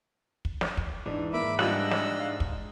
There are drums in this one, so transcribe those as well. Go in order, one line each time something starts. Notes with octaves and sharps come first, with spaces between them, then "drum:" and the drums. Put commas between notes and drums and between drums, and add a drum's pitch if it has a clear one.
drum: kick
drum: snare
drum: kick
G#2 E3 D4
A#3 E5 B5 D6
E3 G3 D4 F4 D#5 E5 F#5 E6, drum: snare
drum: snare
F5
drum: kick